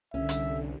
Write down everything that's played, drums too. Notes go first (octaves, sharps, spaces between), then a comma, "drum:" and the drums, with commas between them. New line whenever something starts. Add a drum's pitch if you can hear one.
C2 D3 C#4 E5
drum: hi-hat